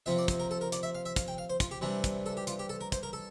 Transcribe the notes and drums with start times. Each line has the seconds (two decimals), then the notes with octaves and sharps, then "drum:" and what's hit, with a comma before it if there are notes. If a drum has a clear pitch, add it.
0.06 C3 F3 C4 F4 E5
0.18 D5
0.28 C5, drum: kick, hi-hat
0.40 A#4
0.51 A4
0.61 A#4
0.72 D5, drum: hi-hat
0.83 E5
0.95 F5
1.05 E5
1.16 F5, drum: kick, hi-hat
1.28 G5
1.38 F5
1.50 C5
1.60 F4, drum: kick, hi-hat
1.71 G4
1.81 C3 E3 G3 D4
2.04 drum: kick, hi-hat
2.26 A4
2.37 G4
2.47 F4, drum: hi-hat
2.59 G4
2.69 A4
2.81 A#4
2.92 C5, drum: kick, hi-hat
3.03 A#4
3.13 A4